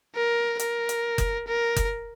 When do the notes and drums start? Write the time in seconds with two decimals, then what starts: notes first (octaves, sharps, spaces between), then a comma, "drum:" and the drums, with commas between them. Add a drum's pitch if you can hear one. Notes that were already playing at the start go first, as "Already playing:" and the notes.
0.16 A#4
0.59 A#4, drum: hi-hat
0.89 drum: hi-hat
1.18 drum: kick F#1, hi-hat
1.48 A#4
1.76 drum: kick F#1, hi-hat